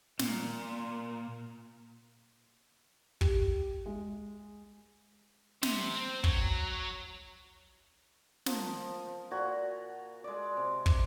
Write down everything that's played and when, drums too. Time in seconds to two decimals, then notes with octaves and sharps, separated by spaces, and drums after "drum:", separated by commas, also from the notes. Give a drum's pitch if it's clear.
0.19 A#2, drum: snare
3.21 G4, drum: kick
3.86 G#3
5.63 C3, drum: snare
5.95 C4
6.24 F#3, drum: kick
8.46 F3 A#4, drum: snare
9.31 A#2 F#4 G#5 A#5
10.24 G#3 D5
10.57 C3
10.86 drum: kick